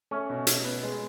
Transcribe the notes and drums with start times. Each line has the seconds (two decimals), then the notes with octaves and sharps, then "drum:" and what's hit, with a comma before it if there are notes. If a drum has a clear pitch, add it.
0.11 A3 C#4
0.30 B2
0.47 B2, drum: hi-hat
0.65 B3
0.83 G#3